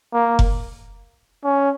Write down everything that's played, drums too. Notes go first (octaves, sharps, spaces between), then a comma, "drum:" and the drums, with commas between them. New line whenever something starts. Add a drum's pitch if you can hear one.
A#3
drum: kick F1
C#4